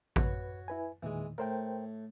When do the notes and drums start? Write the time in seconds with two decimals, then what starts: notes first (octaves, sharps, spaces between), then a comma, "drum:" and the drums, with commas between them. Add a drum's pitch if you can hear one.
0.16 F#4 B4 C#5, drum: kick A1
0.68 E4 B4 G#5
1.03 E2 A#2 D#3 E3 G#3
1.38 A2 A#4 C5 G5